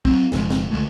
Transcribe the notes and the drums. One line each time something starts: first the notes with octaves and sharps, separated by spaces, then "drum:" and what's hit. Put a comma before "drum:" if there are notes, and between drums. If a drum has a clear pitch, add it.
F#3 C4, drum: kick
E1 F2 C#3 G#3, drum: snare
drum: snare
C#2 D3 G#3 A3